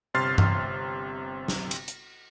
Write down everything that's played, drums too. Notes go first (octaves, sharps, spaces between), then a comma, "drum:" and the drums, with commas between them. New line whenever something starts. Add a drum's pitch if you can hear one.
G1 C3 C6 F6 A6 C7
drum: tom G2
drum: snare
drum: cymbal
drum: hi-hat